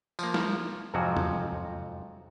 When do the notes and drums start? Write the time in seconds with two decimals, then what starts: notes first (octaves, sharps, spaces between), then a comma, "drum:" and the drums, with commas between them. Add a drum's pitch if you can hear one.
0.19 F3 A#3, drum: tambourine
0.34 drum: snare
0.94 F2 G#2 C3 F3 F#3 F#4
1.17 drum: tom